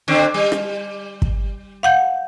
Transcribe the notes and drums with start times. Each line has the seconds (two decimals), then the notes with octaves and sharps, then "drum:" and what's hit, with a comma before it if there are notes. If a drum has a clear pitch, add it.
0.08 D3 C4 D4
0.34 G3
0.52 drum: rim click
1.22 drum: kick
1.83 F5 F#5 G6